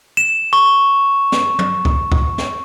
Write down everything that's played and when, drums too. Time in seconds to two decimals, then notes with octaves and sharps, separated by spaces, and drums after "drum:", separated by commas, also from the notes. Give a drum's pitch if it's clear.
0.17 E7
0.53 C#6
1.32 drum: snare
1.59 drum: tom
1.85 drum: kick C#2
2.12 drum: kick C#2
2.38 drum: snare